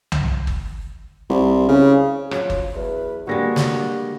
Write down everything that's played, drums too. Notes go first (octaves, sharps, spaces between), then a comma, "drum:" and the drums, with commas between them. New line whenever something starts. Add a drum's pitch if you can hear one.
drum: tom C2
drum: kick G1
C2
C#3
F3 F#3, drum: rim click
drum: kick G1
E2 B4
D3 G3 G#3 A#3 F#4 G4 A#6
drum: snare